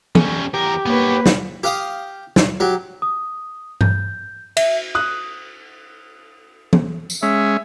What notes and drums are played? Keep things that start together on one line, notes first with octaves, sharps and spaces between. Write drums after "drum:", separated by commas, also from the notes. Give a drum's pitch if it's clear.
G3 C#4, drum: tom E3
E2 G4 A#4
A#3 B3 B4 C#5
drum: snare
G4 F5 D#6
drum: snare
F#3 G4
D#6
G6, drum: tom G2
E5, drum: cymbal
D#6 F#6
drum: tom E3
drum: tambourine
G#3 C#4 E5